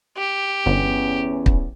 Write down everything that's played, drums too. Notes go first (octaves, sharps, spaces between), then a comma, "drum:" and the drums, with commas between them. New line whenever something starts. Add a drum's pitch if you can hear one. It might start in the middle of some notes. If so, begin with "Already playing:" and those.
G4
G1 E2 B3 C#4
drum: kick